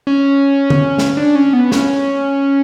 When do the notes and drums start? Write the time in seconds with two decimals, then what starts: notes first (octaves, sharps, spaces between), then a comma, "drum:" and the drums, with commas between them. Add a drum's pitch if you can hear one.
0.07 C#4
0.70 drum: tom D3
0.98 drum: snare
1.17 D4
1.35 C#4
1.53 B3
1.72 C#4, drum: snare